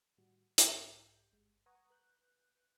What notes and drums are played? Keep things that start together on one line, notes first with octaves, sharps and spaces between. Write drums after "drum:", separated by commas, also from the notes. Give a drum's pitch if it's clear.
A2 D#3 G3 F#4
B1 G#2 G4 G6, drum: hi-hat
G1 G#3
B4 F#5 A#5 C#6 D#6 G#6
B4 F#6 G6